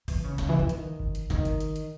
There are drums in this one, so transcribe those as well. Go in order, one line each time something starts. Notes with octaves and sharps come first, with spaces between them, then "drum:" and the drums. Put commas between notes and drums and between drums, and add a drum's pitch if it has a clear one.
E3, drum: kick G1, open hi-hat
C#3
C#3, drum: snare
E3
E3
D#3, drum: hi-hat
drum: kick G1
drum: hi-hat
D#3, drum: snare
drum: kick G1, hi-hat
drum: hi-hat
drum: hi-hat